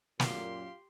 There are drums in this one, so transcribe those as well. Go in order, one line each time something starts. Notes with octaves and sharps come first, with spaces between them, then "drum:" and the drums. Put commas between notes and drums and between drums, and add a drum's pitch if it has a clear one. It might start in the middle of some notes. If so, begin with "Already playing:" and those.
F#2 A#2 B3 F4 G4 C6, drum: snare